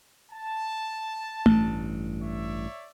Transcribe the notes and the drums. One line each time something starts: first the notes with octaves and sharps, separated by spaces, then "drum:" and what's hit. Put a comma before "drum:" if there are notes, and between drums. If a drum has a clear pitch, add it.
A5
A1 G2, drum: tom A3
C#5 D5 E5